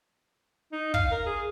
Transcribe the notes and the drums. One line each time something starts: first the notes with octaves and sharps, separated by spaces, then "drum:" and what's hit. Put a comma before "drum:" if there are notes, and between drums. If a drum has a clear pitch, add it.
D#4
F5, drum: kick
A#4
G#4